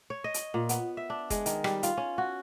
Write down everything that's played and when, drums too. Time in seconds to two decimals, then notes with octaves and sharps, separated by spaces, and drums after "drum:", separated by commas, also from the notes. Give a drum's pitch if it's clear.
0.10 C#5
0.24 D#5
0.34 drum: hi-hat
0.54 A#2
0.69 B3, drum: hi-hat
0.97 E5
1.10 D4
1.30 G#3, drum: kick F1, hi-hat
1.46 D#3, drum: hi-hat
1.64 G3, drum: rim click
1.83 F4, drum: hi-hat
1.97 C#4
2.18 F#4